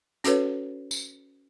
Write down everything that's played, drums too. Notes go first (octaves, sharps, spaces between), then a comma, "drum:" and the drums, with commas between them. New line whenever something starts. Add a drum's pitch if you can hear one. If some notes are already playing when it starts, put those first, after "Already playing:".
C#4 F#4 A4 B4 C#5, drum: hi-hat
drum: tambourine